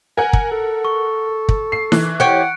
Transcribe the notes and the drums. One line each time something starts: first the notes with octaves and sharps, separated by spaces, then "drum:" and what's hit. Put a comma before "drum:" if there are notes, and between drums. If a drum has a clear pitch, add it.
A#4 F#5 G#5
drum: kick
A4
C#6
drum: kick
C7
E3 F#6, drum: snare D#4
G4 C#5 F#5 F#6 C#7 D7